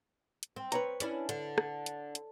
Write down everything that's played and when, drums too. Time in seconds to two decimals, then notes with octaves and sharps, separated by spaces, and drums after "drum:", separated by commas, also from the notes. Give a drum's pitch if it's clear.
0.43 drum: hi-hat
0.56 C4
0.72 B4 C#5 A#5, drum: hi-hat
1.00 C#4 D4 E4, drum: hi-hat
1.29 D3, drum: hi-hat
1.58 drum: rim click
1.86 drum: hi-hat
2.15 drum: hi-hat